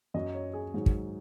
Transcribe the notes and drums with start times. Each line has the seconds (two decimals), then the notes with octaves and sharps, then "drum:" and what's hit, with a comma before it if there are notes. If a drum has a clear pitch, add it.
0.14 F#2 F#3 D#5
0.34 C#5
0.53 G#4
0.74 G#2 D#3 F#3
0.86 drum: kick